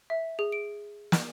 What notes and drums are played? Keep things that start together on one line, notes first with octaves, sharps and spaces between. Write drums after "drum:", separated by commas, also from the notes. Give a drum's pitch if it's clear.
E5
G#4
D7
drum: snare